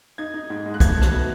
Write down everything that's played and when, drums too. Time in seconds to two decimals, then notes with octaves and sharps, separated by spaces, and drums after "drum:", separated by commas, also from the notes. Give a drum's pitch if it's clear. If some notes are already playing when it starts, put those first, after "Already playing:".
0.18 D#4 G#6
0.34 D#4
0.50 G#2
0.66 G#3
0.74 F#6
0.80 A3 G#6, drum: kick, hi-hat
0.97 A3
1.02 F#6, drum: rim click
1.12 B2